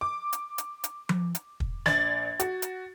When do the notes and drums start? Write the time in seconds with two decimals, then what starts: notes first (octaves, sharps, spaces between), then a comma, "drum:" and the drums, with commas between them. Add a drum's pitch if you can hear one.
0.01 D6
0.33 drum: hi-hat
0.58 drum: hi-hat
0.84 drum: hi-hat
1.09 drum: tom F3
1.35 drum: hi-hat
1.60 drum: kick
1.86 A#1 D5 G#6 A6 F#7, drum: snare
2.40 F#4, drum: hi-hat
2.62 drum: hi-hat